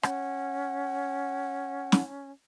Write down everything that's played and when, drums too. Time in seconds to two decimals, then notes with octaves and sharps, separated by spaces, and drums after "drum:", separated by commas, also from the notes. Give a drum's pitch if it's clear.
0.03 C#4 F#5, drum: rim click
1.92 drum: snare